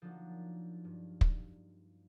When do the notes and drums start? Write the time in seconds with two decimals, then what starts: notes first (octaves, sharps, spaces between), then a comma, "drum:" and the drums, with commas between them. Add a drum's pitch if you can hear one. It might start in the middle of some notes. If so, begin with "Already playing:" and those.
0.02 F3 F#3 A#3 D4 D#4
0.85 G2
1.21 drum: kick